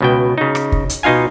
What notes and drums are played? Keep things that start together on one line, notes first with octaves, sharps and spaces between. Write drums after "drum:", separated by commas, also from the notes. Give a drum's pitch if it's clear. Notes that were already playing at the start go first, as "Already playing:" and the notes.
C#2 B2 G5
C#3 D#4
drum: rim click
drum: kick
drum: hi-hat
B2 D#4 F4 F5 G#5